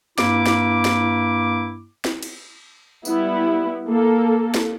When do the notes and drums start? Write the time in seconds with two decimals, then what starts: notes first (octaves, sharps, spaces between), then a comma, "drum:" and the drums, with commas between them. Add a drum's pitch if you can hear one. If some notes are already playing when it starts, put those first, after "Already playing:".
0.18 G2 A#3 E4 D6, drum: snare
0.46 drum: snare
0.85 drum: snare
2.05 drum: snare
2.23 drum: cymbal
3.05 G3 B3 E4, drum: tambourine
3.89 A#3 A4
4.54 drum: snare